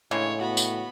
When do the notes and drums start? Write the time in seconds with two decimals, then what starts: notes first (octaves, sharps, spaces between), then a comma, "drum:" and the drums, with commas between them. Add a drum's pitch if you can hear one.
0.11 A2 C#3 E3 G#3 D4 C#5
0.41 B3 F#4 B5
0.57 drum: tambourine